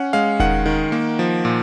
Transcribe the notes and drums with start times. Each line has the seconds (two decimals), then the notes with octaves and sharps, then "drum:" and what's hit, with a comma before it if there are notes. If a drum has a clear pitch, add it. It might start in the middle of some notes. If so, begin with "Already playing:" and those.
Already playing: C#4 F#5
0.13 G#3 F5
0.40 D#3 F#5, drum: kick E1
0.66 D#3
0.92 A#3
1.19 F3
1.45 A#2